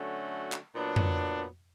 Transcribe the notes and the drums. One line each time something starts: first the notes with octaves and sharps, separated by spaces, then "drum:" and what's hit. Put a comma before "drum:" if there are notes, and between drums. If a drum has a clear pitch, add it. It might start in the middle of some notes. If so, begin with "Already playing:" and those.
Already playing: D3 F#3 A3 C#4 F#4
drum: clap
A#2 F#3 B3 D4
drum: tom F2